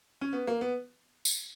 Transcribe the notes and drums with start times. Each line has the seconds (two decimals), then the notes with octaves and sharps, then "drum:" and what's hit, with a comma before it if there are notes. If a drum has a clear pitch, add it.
0.21 C#4
0.33 B3
0.47 A#3
0.61 B3
1.25 drum: tambourine